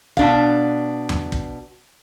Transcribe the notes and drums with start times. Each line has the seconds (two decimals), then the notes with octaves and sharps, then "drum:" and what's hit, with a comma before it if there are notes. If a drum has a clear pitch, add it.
0.17 B2 D4 F5, drum: kick
1.09 drum: tom E2
1.32 drum: kick